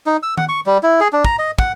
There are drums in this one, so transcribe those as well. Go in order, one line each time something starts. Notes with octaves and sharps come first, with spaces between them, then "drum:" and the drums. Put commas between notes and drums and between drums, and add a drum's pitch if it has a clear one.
D#4
E6
F#5, drum: tom D#3
C#6
G3
E4
G#4
D4
A#5, drum: kick
D#5
F#5, drum: kick